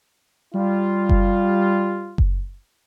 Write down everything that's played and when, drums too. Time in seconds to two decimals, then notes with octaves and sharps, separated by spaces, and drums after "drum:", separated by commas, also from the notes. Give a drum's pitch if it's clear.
0.55 G3 F4
1.09 drum: kick F#1
2.18 drum: kick F#1